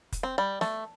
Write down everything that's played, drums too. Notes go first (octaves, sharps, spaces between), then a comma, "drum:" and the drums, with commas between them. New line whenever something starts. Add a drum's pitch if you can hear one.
drum: kick, hi-hat
C4
G3
A3, drum: snare